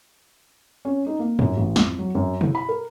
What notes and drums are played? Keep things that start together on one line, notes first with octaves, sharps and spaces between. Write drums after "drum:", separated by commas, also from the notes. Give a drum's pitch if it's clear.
C#4
D#4
A#3
F#2, drum: tom
A1
F2, drum: snare
F#3
F#2
E4, drum: tom
B5
A#4